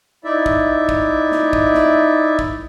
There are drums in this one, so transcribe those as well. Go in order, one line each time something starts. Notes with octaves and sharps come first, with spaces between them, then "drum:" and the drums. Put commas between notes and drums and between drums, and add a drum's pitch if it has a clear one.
D#4 E4 D5 E5
drum: kick
drum: kick
drum: snare
drum: kick
drum: snare
drum: kick